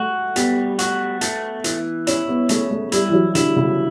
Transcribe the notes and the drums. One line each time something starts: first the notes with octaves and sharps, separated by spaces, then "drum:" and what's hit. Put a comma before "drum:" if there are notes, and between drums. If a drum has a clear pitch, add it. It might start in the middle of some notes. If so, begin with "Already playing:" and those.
Already playing: A3 F#4
G3 B3, drum: hi-hat
F#4, drum: hi-hat
A3, drum: hi-hat
E3, drum: hi-hat
C#4 E4, drum: hi-hat
B3
C#3 A3, drum: hi-hat
A3
G3 E4, drum: hi-hat
E3
F#3
D3 E4, drum: hi-hat
C#3